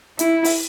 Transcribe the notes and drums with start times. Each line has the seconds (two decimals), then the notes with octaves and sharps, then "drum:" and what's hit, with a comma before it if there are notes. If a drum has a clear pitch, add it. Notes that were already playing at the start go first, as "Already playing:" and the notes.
0.19 E4, drum: hi-hat
0.44 drum: open hi-hat